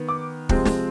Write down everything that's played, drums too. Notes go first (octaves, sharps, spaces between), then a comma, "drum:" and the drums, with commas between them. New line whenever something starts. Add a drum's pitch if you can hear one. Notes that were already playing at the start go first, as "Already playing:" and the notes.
Already playing: D#3 B3
D6
C3 F3 G#3 C4, drum: kick
drum: snare